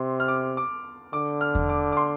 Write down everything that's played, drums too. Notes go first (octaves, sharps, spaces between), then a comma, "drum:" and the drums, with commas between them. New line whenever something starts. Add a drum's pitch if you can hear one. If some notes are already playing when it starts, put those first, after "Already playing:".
Already playing: C3 C6
F6
D6
D6
D3 D6
F6
drum: kick E2
D6
D6
C6